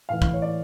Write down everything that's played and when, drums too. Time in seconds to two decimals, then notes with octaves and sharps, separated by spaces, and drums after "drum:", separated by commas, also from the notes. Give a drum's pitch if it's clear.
0.09 A2 E3 F5
0.22 drum: kick
0.34 C#5
0.42 D5